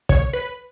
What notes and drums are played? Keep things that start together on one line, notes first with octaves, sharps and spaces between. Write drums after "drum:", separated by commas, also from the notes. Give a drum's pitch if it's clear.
C#5, drum: kick
B4